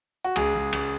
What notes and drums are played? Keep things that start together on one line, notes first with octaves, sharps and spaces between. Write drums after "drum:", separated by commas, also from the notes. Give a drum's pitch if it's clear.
F#4
C#2 G#4, drum: cymbal
C#2
C#2, drum: cymbal